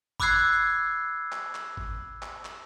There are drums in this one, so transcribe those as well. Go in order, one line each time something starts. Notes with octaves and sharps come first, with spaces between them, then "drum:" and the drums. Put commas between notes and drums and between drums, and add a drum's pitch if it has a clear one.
B5 D6 E6 F#6 G#6 C7, drum: kick G#1
drum: clap
drum: clap
drum: kick G#1
drum: clap
drum: clap